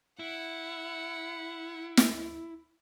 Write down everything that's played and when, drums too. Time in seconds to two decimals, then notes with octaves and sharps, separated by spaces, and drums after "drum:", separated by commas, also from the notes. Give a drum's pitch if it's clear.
0.19 E4 F#5
1.97 drum: snare